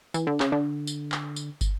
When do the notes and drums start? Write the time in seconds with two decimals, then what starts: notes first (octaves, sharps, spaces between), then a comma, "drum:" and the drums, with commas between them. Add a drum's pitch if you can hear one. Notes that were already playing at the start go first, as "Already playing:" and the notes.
0.14 E3, drum: tambourine
0.27 D3
0.40 C#3, drum: clap
0.52 D3
0.87 drum: tambourine
1.12 drum: clap
1.36 drum: tambourine
1.61 drum: kick, tambourine